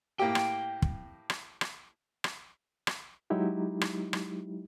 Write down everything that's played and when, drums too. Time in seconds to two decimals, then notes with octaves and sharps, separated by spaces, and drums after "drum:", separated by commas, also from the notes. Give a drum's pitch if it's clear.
0.19 A2 A#3 G4 G5
0.35 drum: rim click
0.82 drum: kick
1.30 drum: rim click
1.61 drum: rim click
2.24 drum: rim click
2.87 drum: rim click
3.30 F#3 G#3 D#4 E4 G4
3.81 drum: rim click
4.13 drum: rim click